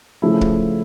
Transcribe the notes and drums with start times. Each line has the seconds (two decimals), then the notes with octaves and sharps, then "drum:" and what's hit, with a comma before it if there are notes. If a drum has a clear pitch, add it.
0.22 C#3 F3 A3 E4
0.41 drum: kick